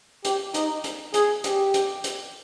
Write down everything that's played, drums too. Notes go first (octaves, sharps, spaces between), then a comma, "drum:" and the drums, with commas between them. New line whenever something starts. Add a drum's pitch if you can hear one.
G4, drum: hi-hat
D#4, drum: hi-hat
drum: hi-hat
G#4, drum: hi-hat
G4, drum: hi-hat
drum: hi-hat
drum: hi-hat